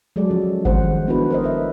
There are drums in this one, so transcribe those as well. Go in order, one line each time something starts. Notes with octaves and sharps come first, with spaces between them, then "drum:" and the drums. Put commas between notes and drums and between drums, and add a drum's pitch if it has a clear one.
F#3 G#3 G#4 A4 D5
F3 C#4
D#3 G3 G#3 C4 C5 F#5, drum: kick G#1
B3 D4 E4 F#4 A4 B4
A#4 C5 D#5
B4 E5